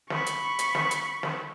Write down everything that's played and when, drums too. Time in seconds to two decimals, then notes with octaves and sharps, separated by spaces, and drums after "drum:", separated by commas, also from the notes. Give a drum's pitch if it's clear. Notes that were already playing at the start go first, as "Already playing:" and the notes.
0.10 B5 C#6, drum: snare
0.26 drum: hi-hat
0.59 drum: hi-hat
0.75 drum: snare
0.91 drum: hi-hat
1.23 drum: snare